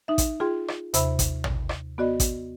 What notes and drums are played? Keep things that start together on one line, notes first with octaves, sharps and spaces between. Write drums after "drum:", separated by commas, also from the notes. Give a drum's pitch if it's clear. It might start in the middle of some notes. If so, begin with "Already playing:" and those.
D#4 E5
drum: kick A1, hi-hat
F4 G#4 G5 C6
drum: rim click
D#2 C3 C5 E5 B5 E6, drum: hi-hat
drum: kick A1, hi-hat
drum: tom
drum: rim click
B3 F#4 D5 D#5
drum: kick A1, hi-hat